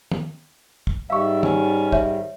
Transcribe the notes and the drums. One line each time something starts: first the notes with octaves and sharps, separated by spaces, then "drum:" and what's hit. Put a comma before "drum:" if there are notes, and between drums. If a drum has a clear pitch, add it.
drum: tom
drum: kick
G#2 D#3 G3 E5 F5 C#6
C#4, drum: tom
C#5 E5, drum: kick